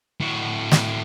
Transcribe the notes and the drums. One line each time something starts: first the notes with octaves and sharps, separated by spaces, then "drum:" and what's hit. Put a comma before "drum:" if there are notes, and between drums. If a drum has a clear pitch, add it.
A2 F#4
drum: snare